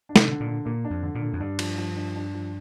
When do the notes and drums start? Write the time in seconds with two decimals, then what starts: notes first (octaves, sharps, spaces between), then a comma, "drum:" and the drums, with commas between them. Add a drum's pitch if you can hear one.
0.09 D4
0.16 C3, drum: snare
0.28 D3
0.40 A#2
0.47 D3
0.65 A#2 A#3
0.84 D4
0.90 F2
1.03 D3
1.15 A#2
1.22 D3
1.33 F2
1.40 G2 D4
1.59 F3, drum: cymbal
1.78 F3
1.96 D4
2.16 D4
2.34 F3